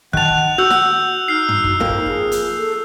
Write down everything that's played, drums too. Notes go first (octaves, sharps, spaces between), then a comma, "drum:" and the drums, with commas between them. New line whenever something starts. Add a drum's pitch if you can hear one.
D#3 F#5 A5 F#6 F7, drum: kick
F#4 E6 F#6 G6
drum: snare
D#4 F6 C7
drum: tom
drum: kick
F2 F3 A#3 D#4
drum: kick
G#4
drum: hi-hat
A4